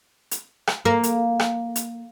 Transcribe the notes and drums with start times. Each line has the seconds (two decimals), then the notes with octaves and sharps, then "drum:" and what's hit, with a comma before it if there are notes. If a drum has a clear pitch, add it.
0.31 drum: hi-hat
0.67 drum: rim click
0.85 A#3
1.03 drum: hi-hat
1.40 drum: rim click
1.76 drum: hi-hat